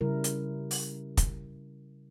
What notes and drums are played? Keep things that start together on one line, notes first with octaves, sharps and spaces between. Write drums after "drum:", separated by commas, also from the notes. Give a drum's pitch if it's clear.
C#3 G3 E4 A#4
drum: hi-hat
drum: open hi-hat
drum: kick, hi-hat